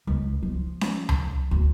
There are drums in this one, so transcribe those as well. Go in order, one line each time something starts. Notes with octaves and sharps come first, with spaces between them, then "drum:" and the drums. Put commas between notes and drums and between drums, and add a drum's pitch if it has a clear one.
C#2
F3
drum: snare C#4
drum: tom C#2
D2